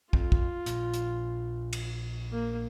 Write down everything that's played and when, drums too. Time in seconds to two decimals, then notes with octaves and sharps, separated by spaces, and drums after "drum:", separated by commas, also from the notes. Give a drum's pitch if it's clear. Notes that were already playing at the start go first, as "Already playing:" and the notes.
0.13 F2 C4 F4, drum: kick
0.32 drum: kick
0.66 A#1 A#2, drum: hi-hat
0.94 drum: hi-hat
1.73 drum: cymbal
2.32 A#3